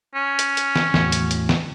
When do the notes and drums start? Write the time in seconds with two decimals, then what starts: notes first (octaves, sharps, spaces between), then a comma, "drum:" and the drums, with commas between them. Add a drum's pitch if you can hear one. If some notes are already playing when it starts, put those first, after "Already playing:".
0.15 C#4
0.39 drum: hi-hat
0.57 drum: hi-hat
0.76 drum: snare
0.94 E2 A2 F#4, drum: snare
1.12 drum: hi-hat
1.31 drum: hi-hat
1.49 drum: snare